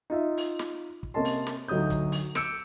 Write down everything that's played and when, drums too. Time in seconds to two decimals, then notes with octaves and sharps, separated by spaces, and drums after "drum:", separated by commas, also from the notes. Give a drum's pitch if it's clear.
0.10 D#4 F4 E5
0.37 drum: open hi-hat
0.59 drum: snare
1.03 drum: kick
1.14 C3 A#3 C#4 D#5 A5 C6
1.25 drum: open hi-hat
1.47 drum: snare
1.68 D2 F#3 D#4 D#6 G6
1.90 drum: kick, hi-hat
2.12 drum: open hi-hat
2.35 D6 E6 G6 C#7 D7 E7, drum: snare